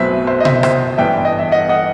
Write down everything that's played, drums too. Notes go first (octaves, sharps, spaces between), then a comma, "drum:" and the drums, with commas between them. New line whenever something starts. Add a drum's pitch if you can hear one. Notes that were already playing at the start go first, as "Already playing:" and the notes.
Already playing: B1 B2 F#3 A3 C4 B4 C5 E5
C5 E5
D#5
C5 E5, drum: tom B2
C5 E5, drum: rim click
A1 G2 E3 B3 E5 G5
D#5
E5
D#5 F#5
D#5 F#5